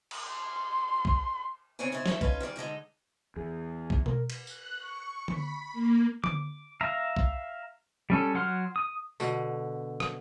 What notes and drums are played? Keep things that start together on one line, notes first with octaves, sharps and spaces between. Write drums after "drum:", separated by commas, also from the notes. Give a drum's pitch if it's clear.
drum: cymbal
C6
drum: kick
D2 C#3 C4 D4 C#5 G#5
G#2 C#3 E4 G#4 C5
E4 A4 C#5, drum: snare
C#4 D#4 F4 B4, drum: kick
D#3 G3 G#4 D5
G#2 D3 G#3 D#4
E2 G#4
drum: kick
A#4, drum: tom B2
drum: cymbal
F#6, drum: tambourine
C#6
B5, drum: tom D3
A#3
D6, drum: tom D3
E5 F5 A#5
drum: kick
G3 C#4 A4
F#3 F#5 C6 F6
D#6
B2 D3, drum: tambourine
drum: rim click